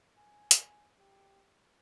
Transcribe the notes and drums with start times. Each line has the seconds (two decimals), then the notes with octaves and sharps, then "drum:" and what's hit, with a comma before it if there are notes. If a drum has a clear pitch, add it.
0.17 G#5
0.51 drum: hi-hat
0.99 G4